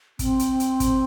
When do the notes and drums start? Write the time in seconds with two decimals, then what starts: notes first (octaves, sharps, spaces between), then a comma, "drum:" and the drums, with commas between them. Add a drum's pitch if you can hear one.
0.19 C4, drum: kick, hi-hat
0.39 drum: hi-hat
0.60 drum: hi-hat
0.80 drum: kick, hi-hat